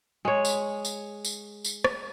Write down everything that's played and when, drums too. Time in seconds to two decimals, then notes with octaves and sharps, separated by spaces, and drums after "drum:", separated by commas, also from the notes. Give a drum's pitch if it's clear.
0.25 G#3 C#5
0.45 drum: tambourine
0.85 drum: tambourine
1.25 drum: tambourine
1.64 drum: tambourine
1.84 drum: rim click